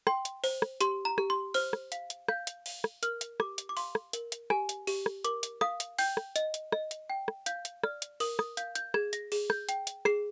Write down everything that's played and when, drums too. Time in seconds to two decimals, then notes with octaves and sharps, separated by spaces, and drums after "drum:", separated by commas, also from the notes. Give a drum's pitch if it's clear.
0.07 G5 C6, drum: rim click
0.25 drum: hi-hat
0.44 C5, drum: open hi-hat
0.62 drum: rim click
0.81 G4 C6, drum: hi-hat
1.05 A#5
1.18 G4, drum: rim click
1.30 C6
1.54 C5 F6, drum: open hi-hat
1.73 drum: rim click
1.92 F5, drum: hi-hat
2.10 drum: hi-hat
2.28 F5 G6, drum: rim click
2.47 drum: hi-hat
2.66 F5, drum: open hi-hat
2.84 drum: rim click
3.03 A#4 F6, drum: hi-hat
3.21 drum: hi-hat
3.40 G4 D6, drum: rim click
3.58 drum: hi-hat
3.69 D6
3.77 F5 C6, drum: open hi-hat
3.95 drum: rim click
4.13 A#4, drum: hi-hat
4.32 drum: hi-hat
4.50 G4 G#5, drum: rim click
4.69 drum: hi-hat
4.87 G4, drum: open hi-hat
5.06 drum: rim click
5.25 A#4 D6, drum: hi-hat
5.43 drum: hi-hat
5.61 F5 D#6, drum: rim click
5.80 drum: hi-hat
5.98 G5 G6, drum: open hi-hat
6.17 drum: rim click
6.36 D#5, drum: hi-hat
6.54 drum: hi-hat
6.72 D#5, drum: rim click
6.91 drum: hi-hat
7.10 G5
7.28 drum: rim click
7.46 F5 G6, drum: hi-hat
7.65 drum: hi-hat
7.84 D5 F6, drum: rim click
8.02 drum: hi-hat
8.20 A#4 D#6, drum: open hi-hat
8.39 D#6, drum: rim click
8.57 F5 G6, drum: hi-hat
8.75 G6, drum: hi-hat
8.94 G#4 G#6, drum: rim click
9.13 A#6, drum: hi-hat
9.32 G#4, drum: open hi-hat
9.50 G6, drum: rim click
9.69 G5, drum: hi-hat
9.87 drum: hi-hat
10.05 G#4 C7, drum: rim click